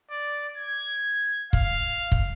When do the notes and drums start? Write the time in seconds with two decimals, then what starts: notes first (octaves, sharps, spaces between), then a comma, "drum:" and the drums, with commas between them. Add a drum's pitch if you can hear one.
0.11 D5
0.57 G#6
1.53 F5, drum: kick
2.12 drum: kick